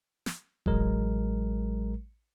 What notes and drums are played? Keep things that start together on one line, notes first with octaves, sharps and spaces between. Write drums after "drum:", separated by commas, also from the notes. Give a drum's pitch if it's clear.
drum: snare
A1 F#3 G#3 A#4, drum: kick D#1